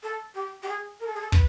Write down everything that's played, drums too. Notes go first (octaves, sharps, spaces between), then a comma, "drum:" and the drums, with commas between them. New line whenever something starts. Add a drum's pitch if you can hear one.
A4
G4
G4
G#4
A#4
A4
G#4
A4
B4, drum: kick